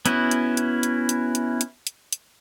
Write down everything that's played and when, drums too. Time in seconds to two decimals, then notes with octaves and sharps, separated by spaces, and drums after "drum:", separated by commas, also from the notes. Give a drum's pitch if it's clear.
0.06 B3 C#4 E4 F#4, drum: hi-hat
0.31 drum: hi-hat
0.57 drum: hi-hat
0.83 drum: hi-hat
1.09 drum: hi-hat
1.35 drum: hi-hat
1.61 drum: hi-hat
1.87 drum: hi-hat
2.13 drum: hi-hat